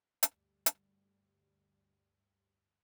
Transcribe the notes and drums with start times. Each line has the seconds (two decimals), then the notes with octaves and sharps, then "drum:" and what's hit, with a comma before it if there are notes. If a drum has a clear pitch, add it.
0.23 D2 G2 G3, drum: hi-hat
0.66 drum: hi-hat